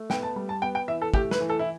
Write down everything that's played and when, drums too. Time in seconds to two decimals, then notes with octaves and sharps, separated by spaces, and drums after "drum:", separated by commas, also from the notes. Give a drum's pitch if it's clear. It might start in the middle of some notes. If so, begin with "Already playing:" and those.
Already playing: A3
0.10 B3 G5, drum: snare
0.23 A5
0.36 G3
0.49 A5
0.62 B3 G5
0.75 G5
0.88 E3 E5
1.02 A4
1.14 A3 G4, drum: kick
1.31 B4, drum: snare
1.40 E3
1.50 A4
1.59 E4